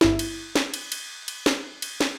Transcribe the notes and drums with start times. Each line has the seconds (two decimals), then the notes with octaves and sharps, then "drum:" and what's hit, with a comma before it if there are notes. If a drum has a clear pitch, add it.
0.01 G1 E4, drum: snare
0.19 drum: cymbal
0.55 drum: snare
0.74 drum: cymbal
0.92 drum: cymbal
1.28 drum: cymbal
1.46 drum: snare
1.82 drum: cymbal
2.00 drum: snare